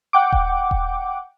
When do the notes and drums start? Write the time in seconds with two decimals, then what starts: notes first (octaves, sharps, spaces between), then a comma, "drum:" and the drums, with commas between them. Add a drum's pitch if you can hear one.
0.13 F#5 G5 D6
0.32 drum: kick D#1
0.71 drum: kick D#1